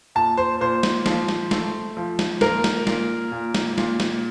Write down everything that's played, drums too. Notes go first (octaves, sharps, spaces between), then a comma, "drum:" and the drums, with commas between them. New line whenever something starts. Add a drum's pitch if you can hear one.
A#2 A5
C5
A#2 C5
drum: snare
F3, drum: snare
drum: snare
A3, drum: snare
F3
drum: snare
A#2 A#4, drum: snare
drum: snare
A#2, drum: snare
A#2
drum: snare
A#2, drum: snare
drum: snare